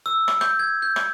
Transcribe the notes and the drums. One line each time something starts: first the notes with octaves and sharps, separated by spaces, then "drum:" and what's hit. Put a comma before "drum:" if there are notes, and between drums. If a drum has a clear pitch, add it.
E6
drum: rim click
G6, drum: rim click
G#6
G6
drum: rim click